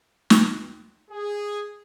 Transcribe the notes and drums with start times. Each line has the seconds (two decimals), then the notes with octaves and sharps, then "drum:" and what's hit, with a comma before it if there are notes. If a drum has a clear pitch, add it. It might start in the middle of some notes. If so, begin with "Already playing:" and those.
0.30 drum: snare
1.11 G#4